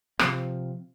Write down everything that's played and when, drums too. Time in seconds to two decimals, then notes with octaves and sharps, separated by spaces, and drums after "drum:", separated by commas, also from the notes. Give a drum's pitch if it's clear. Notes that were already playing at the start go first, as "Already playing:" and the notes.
0.19 C3 F3 C4, drum: rim click